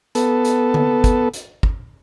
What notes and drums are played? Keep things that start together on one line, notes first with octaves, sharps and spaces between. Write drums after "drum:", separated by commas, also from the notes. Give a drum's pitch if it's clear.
B3 A4, drum: hi-hat
drum: hi-hat
drum: tom D3
drum: kick, hi-hat
drum: hi-hat
drum: kick